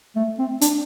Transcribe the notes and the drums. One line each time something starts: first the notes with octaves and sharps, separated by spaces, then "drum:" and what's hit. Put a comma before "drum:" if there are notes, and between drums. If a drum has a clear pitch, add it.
A3
C4
D4, drum: hi-hat